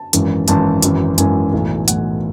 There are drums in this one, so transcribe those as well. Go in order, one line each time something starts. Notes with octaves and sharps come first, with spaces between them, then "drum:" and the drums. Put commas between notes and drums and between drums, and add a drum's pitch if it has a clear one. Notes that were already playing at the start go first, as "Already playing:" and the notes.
Already playing: A5
G#1 F#2 E3, drum: hi-hat
G#1 F#2 E3 A5, drum: hi-hat
G#1 F#2 E3, drum: hi-hat
G#1 F#2 E3 G#5, drum: hi-hat
B1 A2 E3
B1 A2 E3 F#5, drum: hi-hat